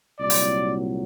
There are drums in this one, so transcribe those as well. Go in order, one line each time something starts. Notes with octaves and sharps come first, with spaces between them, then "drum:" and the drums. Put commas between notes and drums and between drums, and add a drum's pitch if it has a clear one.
C2 A#2 F#3 D5
drum: open hi-hat